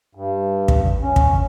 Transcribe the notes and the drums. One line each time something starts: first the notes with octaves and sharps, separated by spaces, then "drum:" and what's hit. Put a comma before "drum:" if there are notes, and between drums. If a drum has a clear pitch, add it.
G2
drum: kick
C#4
drum: kick